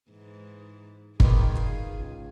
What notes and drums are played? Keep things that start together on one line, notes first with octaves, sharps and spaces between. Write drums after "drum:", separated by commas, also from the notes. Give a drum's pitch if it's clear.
G#2 E3
D#3 F4 G#4 B4 D5, drum: kick G1
F4 F5
C#2